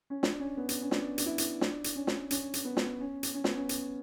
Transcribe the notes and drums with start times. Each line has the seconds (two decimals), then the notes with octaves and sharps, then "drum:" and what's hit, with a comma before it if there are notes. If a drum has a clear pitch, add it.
0.10 C#4
0.23 D4, drum: snare
0.40 C#4
0.57 B3
0.69 drum: hi-hat
0.82 C#4
0.91 D4, drum: snare
1.18 D4, drum: hi-hat
1.26 E4
1.38 drum: hi-hat
1.61 D4, drum: snare
1.84 drum: hi-hat
1.96 C#4
2.07 drum: snare
2.31 C#4, drum: hi-hat
2.54 drum: hi-hat
2.65 B3
2.77 drum: snare
3.00 C#4
3.23 drum: hi-hat
3.34 C#4
3.44 B3, drum: snare
3.56 C#4
3.69 drum: hi-hat